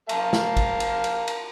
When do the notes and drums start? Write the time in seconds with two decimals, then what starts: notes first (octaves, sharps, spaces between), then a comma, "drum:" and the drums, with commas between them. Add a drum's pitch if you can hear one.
0.09 A#4 F5 A5, drum: cymbal
0.33 drum: snare
0.57 drum: kick, cymbal
0.80 drum: cymbal
1.04 drum: cymbal
1.28 drum: cymbal